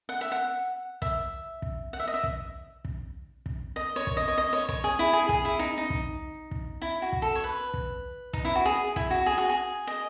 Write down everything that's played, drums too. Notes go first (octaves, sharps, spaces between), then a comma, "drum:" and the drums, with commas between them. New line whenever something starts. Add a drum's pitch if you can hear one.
F#5
E5
F#5
E5, drum: kick
drum: kick
F#5
E5
D#5
E5
drum: kick
drum: kick
drum: kick
D#5
C#5
drum: kick
D#5
C#5
D#5
C#5
C#5, drum: kick
G#4
E4
G#4
G#4, drum: kick
E4
D#4
D#4
drum: kick
drum: kick
E4
F#4
drum: kick
A4
C#5
B4
drum: kick
D#4, drum: kick
E4
F#4
G#4
E4, drum: kick
F#4
G#4
F#4
G#4
D#5